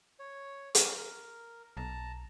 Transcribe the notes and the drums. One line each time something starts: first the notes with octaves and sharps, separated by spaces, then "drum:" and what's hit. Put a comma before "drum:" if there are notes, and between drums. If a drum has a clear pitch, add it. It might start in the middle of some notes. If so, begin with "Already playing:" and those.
C#5
C#4 A#4, drum: hi-hat
A#4
B1 A5 A#5